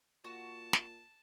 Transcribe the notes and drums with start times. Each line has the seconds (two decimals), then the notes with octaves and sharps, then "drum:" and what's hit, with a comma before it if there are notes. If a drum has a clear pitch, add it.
0.24 A#2 F#4 A5
0.73 drum: snare